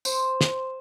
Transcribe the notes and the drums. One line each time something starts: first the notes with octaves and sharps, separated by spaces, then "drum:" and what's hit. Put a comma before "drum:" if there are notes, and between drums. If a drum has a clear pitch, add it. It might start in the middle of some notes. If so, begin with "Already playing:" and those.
C5, drum: tambourine
drum: snare